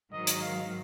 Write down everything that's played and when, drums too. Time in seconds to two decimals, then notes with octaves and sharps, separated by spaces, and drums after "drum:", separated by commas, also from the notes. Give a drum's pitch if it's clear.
0.13 G#2 D#3 F#3 D#5
0.27 drum: hi-hat
0.42 F5